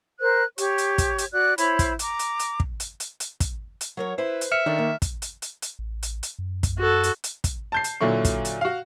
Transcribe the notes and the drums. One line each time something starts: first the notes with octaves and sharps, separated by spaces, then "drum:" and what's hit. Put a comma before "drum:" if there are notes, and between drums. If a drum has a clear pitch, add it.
A#4 C5 F#6
G4 C#5 C#6, drum: hi-hat
drum: hi-hat
drum: kick, hi-hat
drum: hi-hat
F#4 D5 F#6
E4 C5 C#5 B5, drum: hi-hat
drum: kick, hi-hat
A#5 D6, drum: hi-hat
drum: hi-hat
drum: hi-hat
drum: kick
drum: hi-hat
drum: hi-hat
drum: hi-hat
drum: kick, hi-hat
drum: hi-hat
F#3 A#4 C#5
E4 B4 C5
drum: hi-hat
E5 F6 C#7
D#3 D4 A4 D5
A#3
drum: kick, hi-hat
drum: hi-hat
drum: hi-hat
drum: hi-hat
A1
drum: hi-hat
drum: hi-hat
F#2
drum: kick, hi-hat
F#4 A4
drum: hi-hat
drum: hi-hat
drum: kick, hi-hat
A5 G6 C7
drum: hi-hat
A#2 D3 F#3 E4 C#6
drum: kick, hi-hat
drum: hi-hat
F#4 F5